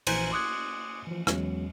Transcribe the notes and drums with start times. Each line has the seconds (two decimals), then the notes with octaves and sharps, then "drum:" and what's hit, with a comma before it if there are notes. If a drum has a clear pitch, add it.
0.07 A#1 E3 C5 G#5 A#5 G#6, drum: cymbal
0.31 C6 D6 D#6 F#6 G#6
1.07 E3 F3
1.27 E2 F#3 G#3 C#4, drum: rim click